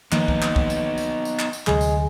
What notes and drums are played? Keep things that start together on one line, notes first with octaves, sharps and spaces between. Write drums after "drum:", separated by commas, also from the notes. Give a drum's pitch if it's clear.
D#3 F3 A#3 B3 D#4, drum: clap
drum: kick
drum: clap
drum: kick
drum: tambourine
drum: tambourine
drum: tambourine
drum: clap
drum: tambourine
D2 C3 F#3 G#3, drum: clap
drum: tambourine